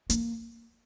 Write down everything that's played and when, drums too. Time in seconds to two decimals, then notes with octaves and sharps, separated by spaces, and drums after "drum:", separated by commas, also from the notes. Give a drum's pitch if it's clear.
0.10 A#3, drum: hi-hat